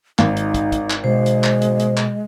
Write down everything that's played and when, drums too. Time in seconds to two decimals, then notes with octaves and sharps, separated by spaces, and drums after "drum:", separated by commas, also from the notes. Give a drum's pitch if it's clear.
0.19 G#1 D#4, drum: clap
0.37 drum: hi-hat
0.54 drum: kick, hi-hat
0.72 drum: kick, hi-hat
0.90 drum: clap
1.04 B2 G#3 C5
1.26 drum: hi-hat
1.44 drum: clap
1.62 drum: hi-hat
1.80 drum: hi-hat
1.97 drum: clap